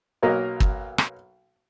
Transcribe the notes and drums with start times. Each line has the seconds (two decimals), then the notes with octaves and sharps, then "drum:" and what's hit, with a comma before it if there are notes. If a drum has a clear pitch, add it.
0.22 B1 F#3 A#3 A#4 D#5
0.60 drum: kick
0.98 drum: rim click